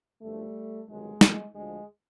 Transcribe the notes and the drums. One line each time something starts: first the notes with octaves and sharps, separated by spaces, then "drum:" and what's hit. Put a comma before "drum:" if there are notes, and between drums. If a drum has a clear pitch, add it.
G1 F#2 D3 F3 G3 A3
G1 F2 C3 D#3 F#3 G#3
drum: snare
D2 D3 F3 G#3